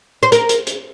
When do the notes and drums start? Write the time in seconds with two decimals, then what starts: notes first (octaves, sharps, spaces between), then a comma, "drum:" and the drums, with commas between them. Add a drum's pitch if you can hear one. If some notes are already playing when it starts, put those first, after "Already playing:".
0.23 C5
0.32 A#4, drum: hi-hat
0.49 drum: hi-hat
0.67 drum: hi-hat